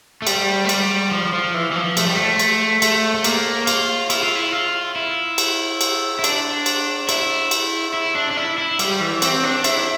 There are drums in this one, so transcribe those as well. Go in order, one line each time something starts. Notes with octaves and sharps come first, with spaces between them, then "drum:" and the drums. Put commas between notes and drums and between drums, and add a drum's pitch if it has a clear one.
A3
G3, drum: cymbal
A3
G3, drum: cymbal
F3
F3
E3
E3
F3
A3, drum: cymbal
G3
A3
drum: cymbal
A3, drum: cymbal
A3
A#3, drum: cymbal
F4, drum: cymbal
E4, drum: cymbal
F4
E4
F4
E4
drum: cymbal
drum: cymbal
E4
D4, drum: cymbal
drum: cymbal
E4, drum: cymbal
drum: cymbal
E4
D4
D4
E4
E4
G3, drum: cymbal
E3
C4, drum: cymbal
D4
E4, drum: cymbal